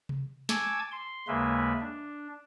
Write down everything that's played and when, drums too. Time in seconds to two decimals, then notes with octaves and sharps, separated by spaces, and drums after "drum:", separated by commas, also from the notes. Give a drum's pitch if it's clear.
0.09 drum: tom C3
0.49 G#5 A5 C#6 D6 E6 G#6, drum: snare
0.92 C6
1.28 D#2 C#3 G#3 A#3 B4 E5
1.80 D4